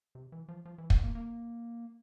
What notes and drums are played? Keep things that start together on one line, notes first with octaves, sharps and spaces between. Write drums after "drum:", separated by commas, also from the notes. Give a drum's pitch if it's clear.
C3
E3
F3
F3
E3
A3, drum: kick
A#3
A#3